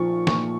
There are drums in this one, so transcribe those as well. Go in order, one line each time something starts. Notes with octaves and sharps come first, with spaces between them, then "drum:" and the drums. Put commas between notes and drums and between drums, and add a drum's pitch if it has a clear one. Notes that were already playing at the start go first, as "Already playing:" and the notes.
Already playing: A#2 F3 C#6
A#2 C#6, drum: snare